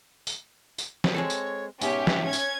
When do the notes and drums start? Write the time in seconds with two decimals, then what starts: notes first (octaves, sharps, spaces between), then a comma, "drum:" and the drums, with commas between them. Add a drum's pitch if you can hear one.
0.27 drum: tambourine
0.78 drum: tambourine
1.04 drum: snare
1.14 G#3 C4 A4 C#5
1.30 drum: tambourine
1.81 G#2 B2 C#4 G4 E5, drum: tambourine
2.07 drum: snare
2.23 C#4 G#6
2.33 drum: tambourine